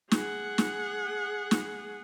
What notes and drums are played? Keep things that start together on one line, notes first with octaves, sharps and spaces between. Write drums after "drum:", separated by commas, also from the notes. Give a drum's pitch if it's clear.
G#4 F#5, drum: snare
drum: snare
drum: snare